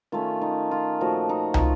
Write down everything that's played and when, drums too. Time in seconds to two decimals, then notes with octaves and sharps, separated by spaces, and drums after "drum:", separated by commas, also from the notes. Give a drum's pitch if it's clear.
0.12 D#3 A3 C#4 F4
0.41 D#4
0.71 F4
1.00 A#2 F3 A3 F#4
1.29 D#4
1.54 D#4 F4, drum: tom